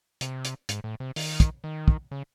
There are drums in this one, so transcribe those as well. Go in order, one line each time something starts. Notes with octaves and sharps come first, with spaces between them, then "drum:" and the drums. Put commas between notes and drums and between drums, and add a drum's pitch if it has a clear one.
C3, drum: hi-hat
drum: hi-hat
G#2, drum: hi-hat
A2
C3
D#3, drum: open hi-hat
drum: kick, hi-hat
D#3
drum: kick
C#3